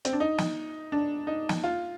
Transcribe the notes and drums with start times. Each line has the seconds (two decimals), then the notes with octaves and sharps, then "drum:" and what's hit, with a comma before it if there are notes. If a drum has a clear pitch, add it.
0.05 C4, drum: hi-hat
0.13 D4
0.20 D#4
0.38 drum: snare
0.92 D4
1.27 D#4
1.49 drum: snare
1.64 F4